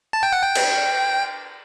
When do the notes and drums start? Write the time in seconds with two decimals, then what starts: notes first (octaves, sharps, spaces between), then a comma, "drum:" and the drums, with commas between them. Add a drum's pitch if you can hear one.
0.13 A5
0.23 G5
0.32 F#5
0.42 G5
0.55 drum: cymbal